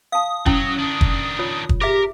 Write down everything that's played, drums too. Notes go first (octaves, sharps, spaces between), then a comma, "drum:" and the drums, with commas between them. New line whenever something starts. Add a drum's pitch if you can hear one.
F5 A5 D#6
F#3 C#4 E4 G5, drum: kick
D#3 D4
drum: kick
F4 C#5
drum: kick
G4 G#4 A#4 E5